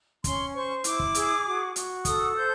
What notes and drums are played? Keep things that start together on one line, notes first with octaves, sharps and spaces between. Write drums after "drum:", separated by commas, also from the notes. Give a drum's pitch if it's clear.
C#4 C6, drum: kick, hi-hat
C5 C#6
E4 D6, drum: hi-hat
drum: kick
G#4, drum: hi-hat
F#4
F#4, drum: hi-hat
A4 D#6, drum: kick, hi-hat
C5 G6